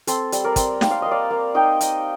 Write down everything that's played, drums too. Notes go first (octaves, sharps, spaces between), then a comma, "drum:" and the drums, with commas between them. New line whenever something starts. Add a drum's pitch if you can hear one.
C4 A4 C5, drum: hi-hat
G3, drum: hi-hat
A#4 D5
C4, drum: kick, hi-hat
A#3 G5, drum: snare
F5
A#3 D#5
D5 F5
A#3
D#4 D#5 G5
D#4, drum: hi-hat